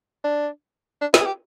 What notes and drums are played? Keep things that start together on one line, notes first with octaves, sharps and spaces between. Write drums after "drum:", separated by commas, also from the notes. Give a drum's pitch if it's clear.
D4
D4
E4, drum: snare
G#4
G4